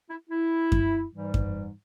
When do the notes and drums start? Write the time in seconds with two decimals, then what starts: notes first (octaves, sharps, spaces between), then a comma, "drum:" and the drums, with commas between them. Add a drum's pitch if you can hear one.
0.09 E4
0.30 E4
0.72 drum: kick F#2
1.13 G#2 E3 G3
1.34 drum: kick F#2